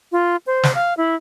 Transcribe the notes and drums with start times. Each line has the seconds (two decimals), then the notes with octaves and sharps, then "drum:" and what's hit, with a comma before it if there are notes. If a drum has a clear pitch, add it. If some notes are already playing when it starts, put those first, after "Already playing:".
0.12 F4
0.47 C5
0.63 drum: snare
0.75 F5
0.97 E4